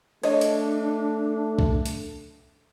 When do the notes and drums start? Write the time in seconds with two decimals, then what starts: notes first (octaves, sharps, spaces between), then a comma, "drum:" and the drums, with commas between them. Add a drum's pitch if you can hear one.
0.23 A3 D4 C#5 D#5, drum: cymbal
0.41 drum: hi-hat
1.59 drum: kick B1
1.86 drum: hi-hat